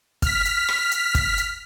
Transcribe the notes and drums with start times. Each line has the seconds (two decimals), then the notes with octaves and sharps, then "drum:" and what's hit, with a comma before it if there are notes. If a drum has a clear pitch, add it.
0.22 F6 B6, drum: kick, hi-hat
0.45 drum: hi-hat
0.68 drum: rim click
0.92 drum: hi-hat
1.15 drum: kick, hi-hat
1.38 drum: hi-hat